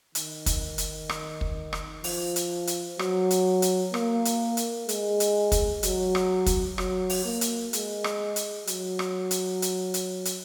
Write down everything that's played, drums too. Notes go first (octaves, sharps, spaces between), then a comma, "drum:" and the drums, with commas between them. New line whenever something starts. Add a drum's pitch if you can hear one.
D#3, drum: hi-hat
drum: kick, hi-hat
drum: hi-hat
drum: rim click
drum: kick
drum: rim click
F3, drum: open hi-hat
drum: hi-hat
drum: hi-hat
F#3, drum: rim click
drum: hi-hat
drum: hi-hat
A#3, drum: rim click
drum: hi-hat
drum: hi-hat
G#3, drum: hi-hat
drum: hi-hat
drum: kick, hi-hat
F#3, drum: hi-hat
drum: rim click
drum: kick, hi-hat
F#3, drum: rim click
drum: open hi-hat
A#3
drum: hi-hat
G#3, drum: hi-hat
drum: rim click
drum: hi-hat
F#3, drum: hi-hat
drum: rim click
drum: hi-hat
drum: hi-hat
drum: hi-hat
drum: hi-hat